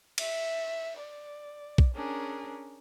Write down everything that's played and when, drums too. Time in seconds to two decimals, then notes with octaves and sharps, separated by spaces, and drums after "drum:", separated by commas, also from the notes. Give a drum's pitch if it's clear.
0.18 E5, drum: cymbal
0.97 D5
1.78 drum: kick B1
1.94 C#4 D4 G#4 A#4